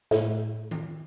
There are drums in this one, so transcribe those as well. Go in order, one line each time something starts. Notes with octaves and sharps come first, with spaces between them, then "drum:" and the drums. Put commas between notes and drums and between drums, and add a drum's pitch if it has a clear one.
A2, drum: snare
drum: tom D#3